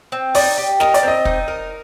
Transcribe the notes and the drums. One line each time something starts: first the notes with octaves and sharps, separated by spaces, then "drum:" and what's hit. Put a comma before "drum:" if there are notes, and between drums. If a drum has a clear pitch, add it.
C4
D#4 D5, drum: open hi-hat
G4
A#4 D#5, drum: snare
D5, drum: hi-hat
C4 D#5
D#4, drum: kick
A#4